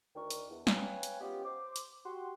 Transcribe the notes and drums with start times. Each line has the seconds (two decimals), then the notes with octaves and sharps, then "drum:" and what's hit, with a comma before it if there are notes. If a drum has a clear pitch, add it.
0.16 D2 D#3 D4 A#4 G5 C#6
0.30 drum: hi-hat
0.50 E2
0.67 B4 C#5 F5 G5 G#5, drum: snare
1.03 drum: hi-hat
1.21 G#3 B3 C#4 F4 G4
1.45 C5 D6
1.76 drum: hi-hat
2.06 F#4 G4 C6